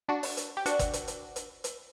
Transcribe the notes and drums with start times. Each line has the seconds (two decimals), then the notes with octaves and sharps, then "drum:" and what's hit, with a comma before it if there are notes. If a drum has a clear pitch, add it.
0.09 D4 F#4
0.23 drum: open hi-hat
0.37 drum: hi-hat
0.57 G4
0.66 D4 F#4, drum: hi-hat
0.79 drum: kick G1, hi-hat
0.93 drum: hi-hat
1.08 drum: hi-hat
1.36 drum: hi-hat
1.64 drum: hi-hat